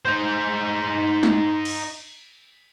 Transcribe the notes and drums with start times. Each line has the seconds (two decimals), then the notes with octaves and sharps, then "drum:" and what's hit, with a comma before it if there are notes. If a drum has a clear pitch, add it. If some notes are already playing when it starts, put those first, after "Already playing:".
0.05 D#4 C5
1.23 drum: snare
1.65 drum: cymbal